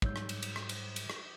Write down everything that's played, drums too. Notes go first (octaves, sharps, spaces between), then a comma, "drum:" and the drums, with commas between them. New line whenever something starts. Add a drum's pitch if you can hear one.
G#2 F#3 G3 C#5 E6 G6, drum: kick
drum: rim click
drum: cymbal
drum: cymbal
drum: rim click
drum: cymbal
drum: cymbal
drum: rim click